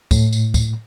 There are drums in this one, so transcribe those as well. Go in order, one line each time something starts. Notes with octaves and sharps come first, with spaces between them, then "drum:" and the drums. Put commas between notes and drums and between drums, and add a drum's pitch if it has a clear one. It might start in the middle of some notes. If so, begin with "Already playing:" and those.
A2, drum: kick, tambourine
drum: tambourine
drum: kick, tambourine